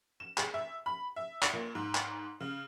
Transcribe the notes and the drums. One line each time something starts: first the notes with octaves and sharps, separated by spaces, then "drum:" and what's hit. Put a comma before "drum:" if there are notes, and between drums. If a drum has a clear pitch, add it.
E7
G#4, drum: clap
E5
B5
E5
drum: clap
A#2
G#2
drum: clap
C#3